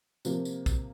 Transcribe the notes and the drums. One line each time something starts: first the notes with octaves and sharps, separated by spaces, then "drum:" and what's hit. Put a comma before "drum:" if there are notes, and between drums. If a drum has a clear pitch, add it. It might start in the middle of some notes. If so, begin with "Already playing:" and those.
C3 F3 A#3, drum: tambourine
drum: tambourine
drum: kick, tambourine